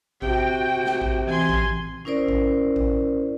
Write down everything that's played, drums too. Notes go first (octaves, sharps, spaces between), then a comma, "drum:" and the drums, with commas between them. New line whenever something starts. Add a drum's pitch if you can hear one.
C3 F#4 G5, drum: kick A1
drum: snare
drum: kick A1
E3 C4 G#5 C6
drum: kick A1
C#4 E4 A#4 C5 D5
drum: kick A1
drum: kick A1